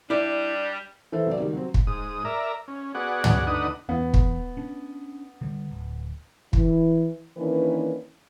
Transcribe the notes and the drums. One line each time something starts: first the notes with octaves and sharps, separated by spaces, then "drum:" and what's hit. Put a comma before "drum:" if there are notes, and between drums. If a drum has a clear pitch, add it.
G3 D4 E4 D5
E3 A4 C5 E5
F#3 D5
D#3 G3
F#3 C4
drum: kick
G#2 D#6
A#4 D5 E5 A#5
C#4
B3 F#4 G#4 D5 F#5
drum: tom
D2 D4 D#4 B4 F#5 D#6
E2 B3
drum: kick
C#4 D4
D3 G3
D1
E3, drum: kick
D#3 E3 A#3 C#4 D4 B4